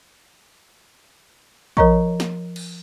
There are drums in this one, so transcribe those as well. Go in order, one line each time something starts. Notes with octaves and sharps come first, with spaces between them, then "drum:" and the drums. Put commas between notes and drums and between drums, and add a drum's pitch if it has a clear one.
F3 A#4 C#5 D#5 A#5 C#6, drum: kick A#1
drum: snare
drum: cymbal